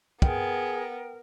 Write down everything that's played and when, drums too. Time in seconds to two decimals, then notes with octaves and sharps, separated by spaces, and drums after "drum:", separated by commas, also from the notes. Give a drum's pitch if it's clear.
0.22 B3 G#4 A#4 G5, drum: kick